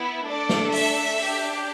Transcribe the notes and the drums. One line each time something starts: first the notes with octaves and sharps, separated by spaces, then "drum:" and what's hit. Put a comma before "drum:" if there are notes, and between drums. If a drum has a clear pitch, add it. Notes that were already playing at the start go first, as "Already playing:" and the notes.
Already playing: B3 E4
A3 D4 A4 D5
drum: snare
E5, drum: open hi-hat
D4 G4, drum: open hi-hat